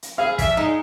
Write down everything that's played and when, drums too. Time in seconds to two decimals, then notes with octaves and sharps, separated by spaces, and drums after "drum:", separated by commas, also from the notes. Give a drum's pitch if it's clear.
0.02 drum: hi-hat
0.18 C4 E4 G#4 F5
0.39 F2 E5, drum: kick, hi-hat
0.57 G#3 D#4